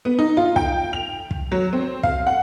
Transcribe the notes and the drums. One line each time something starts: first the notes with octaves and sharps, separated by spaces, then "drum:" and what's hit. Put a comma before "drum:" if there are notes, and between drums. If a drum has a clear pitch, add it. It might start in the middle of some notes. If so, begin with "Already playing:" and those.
B3
D#4
F4
G5, drum: kick
F7
drum: kick
F#3
C4
F5, drum: kick
F#5